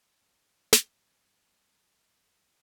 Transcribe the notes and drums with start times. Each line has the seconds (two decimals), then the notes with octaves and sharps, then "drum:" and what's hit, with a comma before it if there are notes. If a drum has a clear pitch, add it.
0.22 E2 G2 G3 A#3 C#4
0.73 drum: snare